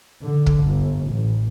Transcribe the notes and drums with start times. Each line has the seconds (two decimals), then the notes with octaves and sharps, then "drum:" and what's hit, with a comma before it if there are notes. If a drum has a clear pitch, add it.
0.23 D3
0.46 drum: kick
0.64 G1
1.09 A1